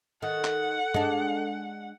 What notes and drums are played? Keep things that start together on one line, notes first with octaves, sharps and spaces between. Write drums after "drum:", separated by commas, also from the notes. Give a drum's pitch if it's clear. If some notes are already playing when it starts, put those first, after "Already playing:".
D#3 A4 F#5
drum: clap
G#3 D4, drum: tom